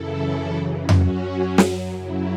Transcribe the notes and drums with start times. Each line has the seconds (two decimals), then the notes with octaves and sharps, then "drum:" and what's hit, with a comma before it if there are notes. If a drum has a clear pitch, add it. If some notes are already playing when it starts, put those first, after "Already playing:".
Already playing: F#2 C#3 E3 E4 A4
0.89 F#2 F#3 C#4 F#4, drum: tom F2
1.58 drum: snare
1.96 F#2 C#3 F#3 E4